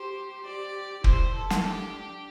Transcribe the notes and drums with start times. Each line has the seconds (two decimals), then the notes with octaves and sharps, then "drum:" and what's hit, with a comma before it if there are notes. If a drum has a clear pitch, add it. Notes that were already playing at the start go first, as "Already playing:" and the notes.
Already playing: G4 C5
0.44 G4 D5
1.04 E4 C5, drum: kick
1.35 A4
1.50 drum: snare
1.64 D4 G4